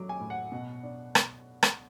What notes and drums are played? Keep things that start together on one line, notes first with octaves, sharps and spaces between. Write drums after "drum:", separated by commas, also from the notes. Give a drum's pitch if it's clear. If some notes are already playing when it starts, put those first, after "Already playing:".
Already playing: F#3 A3 D6
G#5
A2
F#5
B2
D4
drum: rim click
drum: rim click